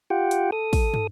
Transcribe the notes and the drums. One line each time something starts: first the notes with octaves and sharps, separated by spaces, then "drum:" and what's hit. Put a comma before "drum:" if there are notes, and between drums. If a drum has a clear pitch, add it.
F4 G4 F#5 G5
drum: hi-hat
A4 D#6
drum: kick, open hi-hat
drum: tom